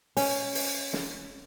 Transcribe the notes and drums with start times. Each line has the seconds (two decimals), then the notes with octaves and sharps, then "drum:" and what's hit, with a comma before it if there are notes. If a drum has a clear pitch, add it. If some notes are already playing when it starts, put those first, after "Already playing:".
0.17 C#4, drum: open hi-hat
0.55 drum: open hi-hat
0.93 drum: snare